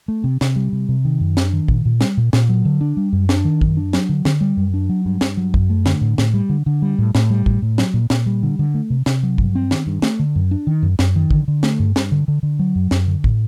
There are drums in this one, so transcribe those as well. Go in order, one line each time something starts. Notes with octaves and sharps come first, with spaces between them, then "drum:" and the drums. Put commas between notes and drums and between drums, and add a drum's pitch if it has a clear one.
A3
C3
C3, drum: snare
G3
C3
C3
D#3
F#2
D4, drum: snare
D#3
A#2, drum: kick
A#2
G3, drum: snare
A#2
A#2, drum: snare
F#3
D3
D4
G3
F#2
D4, drum: snare
D#3
F#2, drum: kick
D4
F#3, drum: snare
D3
D3, drum: snare
G3
F#2
D4
F#3
G2
G2, drum: snare
F#3
F#2, drum: kick
A3
D3, drum: snare
A2
A2, drum: snare
G3
D3
D3
G3
A2
A2, drum: snare
G3
A2, drum: kick
A2
F#3, drum: snare
A#2
A#2, drum: snare
G3
D3
D3
A3
C3
C3, drum: snare
F#3
G2, drum: kick
C4
D#3, drum: snare
G2
A3, drum: snare
D3
F#2
D4
D#3
F#2
F#2, drum: snare
D#3
D3, drum: kick
D3
A3, drum: snare
G2
G2, drum: snare
D3
D3
D3
F#3
F#2
F#2, drum: snare
D3
A2, drum: kick